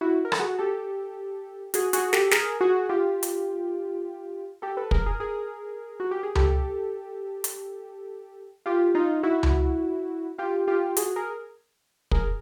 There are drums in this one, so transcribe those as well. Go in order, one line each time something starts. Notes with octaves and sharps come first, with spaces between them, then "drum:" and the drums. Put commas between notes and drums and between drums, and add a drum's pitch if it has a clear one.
E4 F#4
A#4
A4, drum: rim click
F#4 G#4
G4 A4
F#4 G#4, drum: hi-hat
F#4 G#4, drum: hi-hat
G4 A4, drum: snare
G#4 A#4, drum: snare
F#4 G#4
F4 G4
drum: hi-hat
G4 A4
A4 B4
G#4 A#4, drum: kick
G#4 A#4
G#4 A#4
F#4
G4
G#4
G4 A4, drum: tom C#2
drum: hi-hat
F4 G4
D#4 F4
E4 F#4
drum: tom C#2
F4 G4
F4 G4
F#4 G#4, drum: hi-hat
G#4 A#4
G#4 A#4, drum: kick